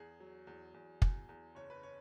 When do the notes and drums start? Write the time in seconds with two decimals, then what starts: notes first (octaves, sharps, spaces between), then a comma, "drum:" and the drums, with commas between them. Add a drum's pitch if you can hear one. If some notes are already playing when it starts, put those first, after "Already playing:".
Already playing: E2 G#4
0.20 F#3
0.47 E2
0.74 E2
1.02 E2, drum: kick
1.29 E2
1.55 F#1 C#5
1.70 B4
1.83 C#5